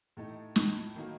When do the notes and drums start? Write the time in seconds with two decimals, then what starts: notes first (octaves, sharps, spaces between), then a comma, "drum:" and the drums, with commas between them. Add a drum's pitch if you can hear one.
0.17 A2 A3 D#4
0.56 A2 A3 D#4, drum: snare
0.96 D#3 F#3 A#3 D#4